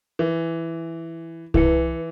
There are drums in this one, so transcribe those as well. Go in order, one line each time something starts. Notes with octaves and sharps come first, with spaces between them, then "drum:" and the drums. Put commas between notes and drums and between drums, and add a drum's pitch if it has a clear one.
E3
E3 E4 B4 C#7, drum: kick C2